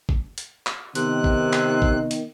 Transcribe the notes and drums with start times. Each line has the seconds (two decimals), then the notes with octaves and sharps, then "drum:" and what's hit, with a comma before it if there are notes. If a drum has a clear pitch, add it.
0.09 drum: kick G#1
0.38 drum: hi-hat
0.67 drum: clap
0.95 C3 D#3 B3 F#6, drum: hi-hat
1.24 drum: kick G#1
1.53 drum: clap
1.82 drum: kick G#1
2.11 drum: hi-hat